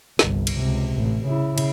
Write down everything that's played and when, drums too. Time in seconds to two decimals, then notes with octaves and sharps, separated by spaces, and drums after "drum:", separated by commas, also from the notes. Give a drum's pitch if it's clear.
0.19 G1 C2, drum: snare
0.47 drum: cymbal
0.59 C#2 C3
0.95 A1
1.26 C#3 E4
1.58 drum: cymbal